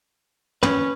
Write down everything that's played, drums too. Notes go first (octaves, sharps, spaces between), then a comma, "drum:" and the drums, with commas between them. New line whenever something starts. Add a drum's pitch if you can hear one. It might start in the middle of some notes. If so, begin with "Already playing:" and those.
C#4 B4, drum: tom